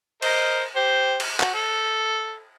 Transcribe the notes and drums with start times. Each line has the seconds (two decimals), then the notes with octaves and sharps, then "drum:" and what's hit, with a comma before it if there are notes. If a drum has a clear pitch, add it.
0.22 A#4 C5 D#5, drum: cymbal
0.76 G4 C5
1.20 drum: cymbal
1.40 F#4, drum: clap
1.54 A4